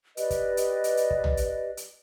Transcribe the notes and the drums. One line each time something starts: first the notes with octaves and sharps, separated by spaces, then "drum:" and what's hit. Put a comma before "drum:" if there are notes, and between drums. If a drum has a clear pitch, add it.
G4 B4 D5 D#5, drum: hi-hat
drum: kick, hi-hat
drum: hi-hat
drum: hi-hat
drum: hi-hat
drum: kick
drum: tom
drum: hi-hat
drum: hi-hat